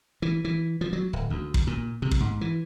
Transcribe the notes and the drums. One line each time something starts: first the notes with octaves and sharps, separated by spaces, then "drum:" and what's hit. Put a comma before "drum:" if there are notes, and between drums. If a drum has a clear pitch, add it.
E3
E3
F3
F#3
D1
D2
drum: kick
A#2
C3
drum: kick
G#2
E3